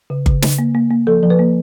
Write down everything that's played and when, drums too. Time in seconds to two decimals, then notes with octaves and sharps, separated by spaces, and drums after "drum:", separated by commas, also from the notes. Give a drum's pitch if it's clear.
0.10 C#3
0.26 C#3, drum: kick G1
0.42 C#3, drum: snare
0.58 A#3
0.75 A#3
0.91 A#3
1.07 F3 A4
1.23 F3
1.30 B4
1.39 A#3